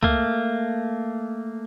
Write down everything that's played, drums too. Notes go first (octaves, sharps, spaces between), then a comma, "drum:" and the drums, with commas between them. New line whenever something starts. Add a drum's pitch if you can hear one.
A3 A#3, drum: kick